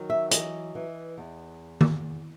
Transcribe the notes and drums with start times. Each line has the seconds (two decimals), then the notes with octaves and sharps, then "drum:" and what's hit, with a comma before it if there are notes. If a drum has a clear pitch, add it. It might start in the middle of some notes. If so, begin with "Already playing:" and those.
Already playing: D#3 F#3
0.10 E5
0.31 E3 D#5, drum: hi-hat
0.75 E3
1.18 E2
1.81 drum: tom D#3